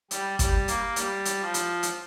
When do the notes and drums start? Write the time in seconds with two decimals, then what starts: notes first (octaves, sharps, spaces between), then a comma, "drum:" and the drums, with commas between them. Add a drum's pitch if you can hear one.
0.11 G3, drum: hi-hat
0.39 G3, drum: kick, hi-hat
0.68 A#3, drum: hi-hat
0.96 G3, drum: hi-hat
1.25 drum: hi-hat
1.40 F3
1.54 drum: hi-hat
1.83 drum: hi-hat